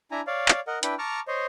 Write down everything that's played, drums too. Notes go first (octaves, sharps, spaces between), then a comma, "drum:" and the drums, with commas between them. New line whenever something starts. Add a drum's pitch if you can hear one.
D4 E4 G#5 A#5
C#5 D5 F5
drum: clap
A#4 D#5 F#5
D4 E4 B4 G5, drum: hi-hat
A5 A#5 C#6 D6 F6
C5 C#5 D#5